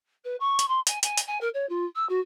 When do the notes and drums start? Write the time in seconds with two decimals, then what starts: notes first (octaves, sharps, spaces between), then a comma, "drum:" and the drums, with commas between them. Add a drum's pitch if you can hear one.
0.24 B4
0.40 C#6
0.59 drum: hi-hat
0.68 C6
0.87 G#5, drum: hi-hat
1.03 G#5, drum: hi-hat
1.18 drum: hi-hat
1.27 G#5
1.40 A#4
1.54 C#5
1.69 F4
1.95 E6
2.09 F#4